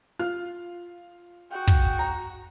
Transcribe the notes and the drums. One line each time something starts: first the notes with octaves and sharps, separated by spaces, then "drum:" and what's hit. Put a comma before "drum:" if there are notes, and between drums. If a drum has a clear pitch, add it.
F4 F6
F#4 G#4 G5
drum: kick
A#5